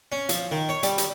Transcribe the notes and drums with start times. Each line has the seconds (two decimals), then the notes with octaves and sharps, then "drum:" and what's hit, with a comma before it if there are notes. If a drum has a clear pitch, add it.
0.12 C#4
0.29 F3, drum: hi-hat
0.51 D#3
0.69 C#5
0.83 G3, drum: hi-hat
0.98 drum: hi-hat